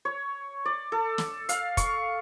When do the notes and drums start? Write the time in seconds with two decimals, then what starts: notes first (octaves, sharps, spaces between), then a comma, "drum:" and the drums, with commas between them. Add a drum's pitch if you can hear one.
0.05 C#5
0.65 D5
0.92 A4
1.18 drum: snare
1.49 F5, drum: hi-hat
1.77 C#6, drum: kick, hi-hat